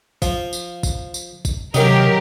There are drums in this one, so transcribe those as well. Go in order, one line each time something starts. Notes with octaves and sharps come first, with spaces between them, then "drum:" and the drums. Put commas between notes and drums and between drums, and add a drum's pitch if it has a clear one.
F3, drum: kick, tambourine
drum: tambourine
drum: kick, tambourine
drum: tambourine
drum: kick, tambourine
C3 D#3 F#3 D#4 G4 A#4, drum: tambourine